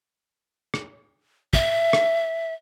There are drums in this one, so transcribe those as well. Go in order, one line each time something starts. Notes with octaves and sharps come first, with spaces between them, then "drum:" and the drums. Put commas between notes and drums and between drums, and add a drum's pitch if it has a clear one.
drum: rim click
E5, drum: kick
drum: rim click